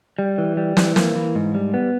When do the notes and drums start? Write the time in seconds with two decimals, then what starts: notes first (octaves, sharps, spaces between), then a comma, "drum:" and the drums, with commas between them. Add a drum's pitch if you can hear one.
0.19 G3
0.38 E3
0.57 G3
0.77 E3, drum: snare
0.96 A#3, drum: snare
1.15 E3
1.35 G#2
1.55 G3
1.74 B3